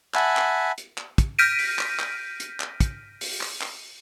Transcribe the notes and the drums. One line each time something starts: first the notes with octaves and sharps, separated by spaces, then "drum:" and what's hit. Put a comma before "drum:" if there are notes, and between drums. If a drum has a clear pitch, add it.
E5 F#5 G#5 A5 B5, drum: clap
drum: clap
drum: hi-hat
drum: clap
drum: kick, hi-hat
F6 G6 A#6 B6 D7 D#7
drum: open hi-hat
drum: clap
drum: clap
drum: hi-hat
drum: clap
drum: kick, hi-hat
drum: open hi-hat
drum: clap
drum: clap